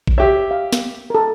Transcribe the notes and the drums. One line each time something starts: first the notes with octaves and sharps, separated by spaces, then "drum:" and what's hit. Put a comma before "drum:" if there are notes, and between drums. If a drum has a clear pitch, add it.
drum: kick
G4 C#5 E5
F5
drum: snare
A4 A#4